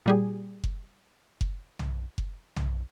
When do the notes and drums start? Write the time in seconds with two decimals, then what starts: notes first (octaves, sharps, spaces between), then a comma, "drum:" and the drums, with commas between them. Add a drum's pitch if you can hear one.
0.06 A#2 G3 G#4
0.64 drum: kick F#1
1.41 drum: kick F#1
1.79 drum: tom B1
2.18 drum: kick F#1
2.56 drum: tom B1